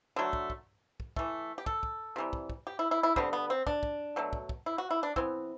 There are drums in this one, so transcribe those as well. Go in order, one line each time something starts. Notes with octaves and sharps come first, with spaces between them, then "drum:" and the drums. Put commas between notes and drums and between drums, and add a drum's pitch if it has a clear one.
D3 F#3 A3
drum: kick
drum: kick
drum: kick
E3 A3, drum: kick
G4
A4, drum: kick
drum: kick
C3 E3 G3
drum: kick
drum: kick
G4
E4
E4
E4
D3 G3 B3 C4, drum: kick
B3
C4
D4, drum: kick
drum: kick
B2 F#3 A3
drum: kick
drum: kick
E4
F#4
E4
D4
E3 B3 C4, drum: kick